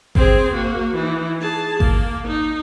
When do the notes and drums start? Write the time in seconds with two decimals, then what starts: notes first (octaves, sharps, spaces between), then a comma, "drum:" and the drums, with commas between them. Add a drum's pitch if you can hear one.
0.15 C4 G#4, drum: kick G#1
0.55 A#3 F#4
0.95 E3 D#4
1.41 G#4 A5
1.80 A#3, drum: kick G#1
2.27 D#4